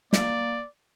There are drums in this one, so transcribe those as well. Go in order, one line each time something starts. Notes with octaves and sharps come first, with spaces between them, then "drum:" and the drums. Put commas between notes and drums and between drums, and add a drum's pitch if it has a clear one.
A#3 D5, drum: snare